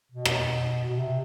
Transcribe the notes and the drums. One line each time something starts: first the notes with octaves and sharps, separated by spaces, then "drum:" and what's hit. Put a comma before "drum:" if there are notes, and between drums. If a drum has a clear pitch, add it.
B2
drum: rim click
B2
C3